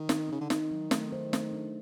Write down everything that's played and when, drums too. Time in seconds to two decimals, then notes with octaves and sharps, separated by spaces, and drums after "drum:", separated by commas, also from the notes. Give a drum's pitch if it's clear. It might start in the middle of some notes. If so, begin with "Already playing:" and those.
Already playing: D#3
0.09 D#4, drum: snare
0.29 C#3 D#4
0.41 D3
0.50 D#3 D#4, drum: snare
0.71 F#3
0.91 A3, drum: snare
1.12 C5
1.33 A3, drum: snare
1.53 D4